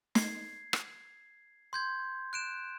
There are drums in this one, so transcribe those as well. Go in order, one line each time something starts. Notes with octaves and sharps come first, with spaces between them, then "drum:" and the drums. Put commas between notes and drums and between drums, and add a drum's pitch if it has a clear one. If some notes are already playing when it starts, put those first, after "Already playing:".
G#6 C7, drum: snare
drum: rim click
C6 G6 G#6
F#6 D7 E7